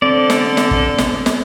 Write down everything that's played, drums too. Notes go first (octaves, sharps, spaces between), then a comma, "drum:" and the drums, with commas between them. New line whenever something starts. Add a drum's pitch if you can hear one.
D3 C4 D5
drum: snare
drum: snare
drum: kick
drum: snare
drum: snare